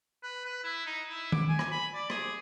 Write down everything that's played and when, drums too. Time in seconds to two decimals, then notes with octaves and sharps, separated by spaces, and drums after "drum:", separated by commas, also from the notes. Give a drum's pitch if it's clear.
0.23 B4
0.45 B4
0.64 E4
0.86 D#4
1.10 E4
1.32 D6, drum: tom
1.49 G#5
1.59 drum: rim click
1.71 B5
1.94 D5
2.10 G#4, drum: rim click